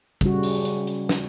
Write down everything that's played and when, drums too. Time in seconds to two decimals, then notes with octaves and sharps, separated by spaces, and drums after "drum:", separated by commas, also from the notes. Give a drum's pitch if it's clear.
0.21 C#3 G3 F#4, drum: kick, hi-hat
0.43 drum: open hi-hat
0.65 drum: hi-hat
0.87 drum: hi-hat
1.09 drum: snare